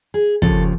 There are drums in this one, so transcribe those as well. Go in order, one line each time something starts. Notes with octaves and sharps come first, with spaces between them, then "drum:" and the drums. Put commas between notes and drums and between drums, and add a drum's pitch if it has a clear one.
G#4
D#2 C#3 F3 A4, drum: kick